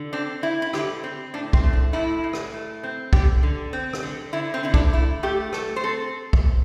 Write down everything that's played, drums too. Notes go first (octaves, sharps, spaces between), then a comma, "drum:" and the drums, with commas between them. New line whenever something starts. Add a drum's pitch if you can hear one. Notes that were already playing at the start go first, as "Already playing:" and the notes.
Already playing: D3
C4 D4
C4 E4
E4
D3 G4, drum: rim click
C4
A2 D4
C4, drum: kick
A3
D4
A2 E4
A2
drum: rim click
A3
C4
D3 G4, drum: kick
D3
C4
drum: rim click
D3
D3 E4
C4
D3 E4
D4, drum: kick
A3 E4
A3 G4
A3 A4, drum: rim click
C5
C4 A4
drum: kick